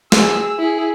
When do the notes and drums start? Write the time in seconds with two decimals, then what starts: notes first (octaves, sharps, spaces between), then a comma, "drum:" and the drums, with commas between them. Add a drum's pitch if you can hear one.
0.12 G#4 E6, drum: snare
0.59 E4 G#4